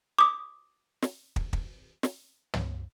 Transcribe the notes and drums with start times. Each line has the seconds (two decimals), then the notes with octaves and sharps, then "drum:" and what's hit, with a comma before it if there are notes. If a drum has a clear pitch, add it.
0.19 D6 D#6
1.02 drum: snare
1.36 drum: kick
1.53 drum: kick
2.03 drum: snare
2.54 drum: tom